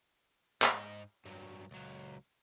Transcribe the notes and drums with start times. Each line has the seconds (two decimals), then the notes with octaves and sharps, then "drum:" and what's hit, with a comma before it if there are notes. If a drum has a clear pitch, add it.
0.62 G#2 D#4, drum: clap
1.25 G2 F#3
1.71 C#2 F#3